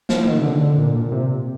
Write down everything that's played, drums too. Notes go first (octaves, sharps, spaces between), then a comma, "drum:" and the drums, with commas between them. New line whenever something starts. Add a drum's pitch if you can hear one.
F3, drum: snare
D#3
C3
D3
D3
A#2
A#2
C3